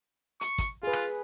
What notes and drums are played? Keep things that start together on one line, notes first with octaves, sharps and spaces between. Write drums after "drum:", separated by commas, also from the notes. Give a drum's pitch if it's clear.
C#6, drum: hi-hat
drum: kick, hi-hat
F4 G#4 B4
drum: rim click